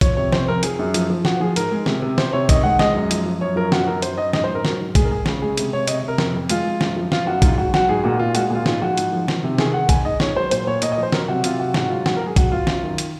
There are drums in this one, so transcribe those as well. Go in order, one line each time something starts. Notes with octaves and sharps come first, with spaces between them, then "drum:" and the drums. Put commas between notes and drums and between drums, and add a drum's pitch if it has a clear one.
F3 C#5, drum: kick, hi-hat
C3 C#5
F2 C5, drum: snare
F2 A#4
F3 G#4, drum: hi-hat
F#2
F3, drum: hi-hat
F3
F3 F#4, drum: snare
F3 G#4
G#2 A#4, drum: hi-hat
G#3
C3, drum: snare
C3
C3 C5, drum: snare
C3 C#5
D#3 D#5, drum: kick, hi-hat
G#3 F#5
G#3 D#5, drum: snare
F#2
F3, drum: hi-hat
F3
F#2 C#5
F3 A#4
F#2 F#4, drum: snare
F#2 A#4
F#2 C5, drum: hi-hat
F#2 D#5
G#2 D#5, drum: snare
C5
G#2
A#4
F#3, drum: snare
G#2
G#3 G#4, drum: kick, hi-hat
A#4
G#3 G#4
C#3 G#4, drum: snare
G#3 G#4
C3, drum: hi-hat
C3 C#5
C3 D#5, drum: hi-hat
C3
A#4
F2, drum: snare
F2
G#3 F4, drum: hi-hat
G#3
F#2, drum: snare
F3
F3 F4, drum: snare
F#2 F#4
G#2 F4, drum: kick, hi-hat
F#3 F#4
F#3 F#4, drum: snare
G#2 G#4
A#2 F#4
A#2 F4
G#3 F#4, drum: hi-hat
A#2
F4
G#2 F4, drum: snare
F3 F#4
G#2, drum: hi-hat
F3
D#3, drum: snare
C3
D#3 G#4, drum: snare
D#3 F#5
G#2 G#5, drum: kick, hi-hat
G#2 D#5
G#2 C#5, drum: snare
F#3 C5
A#2 C5, drum: hi-hat
A#2 C#5
A#2 D#5, drum: hi-hat
D#5
F3
C5
F#3 A#4, drum: snare
C3 F#4
C3 F4, drum: hi-hat
F#3 F#4
G#2 F#4, drum: snare
F#3 F4
G#2 F#4, drum: snare
A#4
F#3
G#4
F#3 F#4, drum: kick, hi-hat
F#3 F4
F#2, drum: snare
D#3
drum: hi-hat